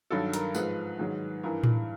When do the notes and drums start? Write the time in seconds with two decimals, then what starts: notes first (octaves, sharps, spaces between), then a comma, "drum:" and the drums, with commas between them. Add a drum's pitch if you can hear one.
0.11 G2 D#3 F#3 A4
0.33 A#4, drum: hi-hat
0.55 G#2 F3 B4, drum: tambourine
0.99 G#2 D#3 F#3
1.43 G2 E3 A#4
1.64 drum: tom A2